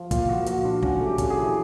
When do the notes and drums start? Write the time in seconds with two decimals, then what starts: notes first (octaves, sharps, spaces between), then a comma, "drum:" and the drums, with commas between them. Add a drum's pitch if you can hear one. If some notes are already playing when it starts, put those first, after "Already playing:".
Already playing: F3
0.11 A#2 F4, drum: kick, hi-hat
0.29 A#2 F#4
0.46 F3 F#4, drum: hi-hat
0.64 D4 F4
0.82 C#4 F#4, drum: kick
1.00 A3
1.06 G4
1.18 C#4, drum: kick, hi-hat
1.30 G#4
1.36 E3